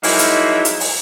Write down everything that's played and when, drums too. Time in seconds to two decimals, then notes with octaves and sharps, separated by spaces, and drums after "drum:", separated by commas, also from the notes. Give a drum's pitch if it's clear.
0.03 F3 F#3 G#3 A#3 D#4 E4, drum: open hi-hat
0.19 drum: hi-hat
0.65 drum: hi-hat
0.80 drum: open hi-hat